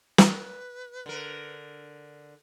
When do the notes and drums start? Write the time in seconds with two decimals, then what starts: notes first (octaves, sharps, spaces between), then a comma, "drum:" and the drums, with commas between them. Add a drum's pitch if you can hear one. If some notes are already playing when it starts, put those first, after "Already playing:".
0.18 B4, drum: snare
1.06 D3 A#4